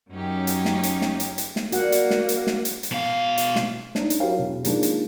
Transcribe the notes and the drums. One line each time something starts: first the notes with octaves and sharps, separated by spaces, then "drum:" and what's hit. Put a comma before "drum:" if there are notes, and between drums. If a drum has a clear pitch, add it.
F#2 F#3 C#4 D#4 G4
drum: hi-hat
drum: snare
drum: hi-hat
drum: snare
drum: hi-hat
drum: hi-hat
drum: snare
F3 G3 A#3 F#4 F#5, drum: hi-hat
drum: hi-hat
drum: snare
drum: hi-hat
drum: snare
drum: hi-hat
drum: hi-hat
B2 F5
drum: hi-hat
drum: snare
D4 D#4, drum: snare
drum: hi-hat
F#3 E4 G4 A#4 C#5 F5
E1
D#3 F3 G#3 A#3 D4, drum: hi-hat
drum: hi-hat